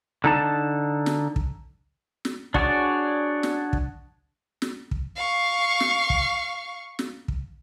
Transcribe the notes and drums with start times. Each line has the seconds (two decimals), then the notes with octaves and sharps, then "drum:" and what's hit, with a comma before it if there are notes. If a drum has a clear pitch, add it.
0.24 D3 D#4 A5
1.06 drum: snare
1.36 drum: kick
2.25 drum: snare
2.54 D4 F#4 G#4 C#5 D5, drum: kick
3.43 drum: snare
3.73 drum: kick
4.62 drum: snare
4.91 drum: kick
5.16 F5 C#6
5.80 drum: snare
6.10 drum: kick
6.99 drum: snare
7.28 drum: kick